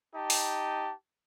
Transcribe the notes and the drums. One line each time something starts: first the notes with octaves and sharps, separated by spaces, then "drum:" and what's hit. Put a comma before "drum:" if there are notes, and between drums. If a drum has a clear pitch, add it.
D#4 G4 A5
drum: open hi-hat